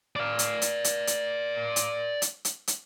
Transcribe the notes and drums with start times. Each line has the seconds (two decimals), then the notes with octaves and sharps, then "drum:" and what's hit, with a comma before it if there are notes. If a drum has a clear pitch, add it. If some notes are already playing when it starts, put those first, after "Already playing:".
0.16 D5 F5
0.39 drum: hi-hat
0.62 drum: hi-hat
0.84 drum: hi-hat
1.07 drum: hi-hat
1.76 drum: hi-hat
2.22 drum: hi-hat
2.45 drum: hi-hat
2.67 drum: hi-hat